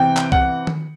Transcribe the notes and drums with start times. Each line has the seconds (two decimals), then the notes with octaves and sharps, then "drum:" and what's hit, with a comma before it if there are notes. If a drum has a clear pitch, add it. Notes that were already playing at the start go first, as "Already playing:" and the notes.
Already playing: C3 E3 C4 G5
0.17 drum: clap
0.32 F#5, drum: kick C2
0.67 drum: tom D#3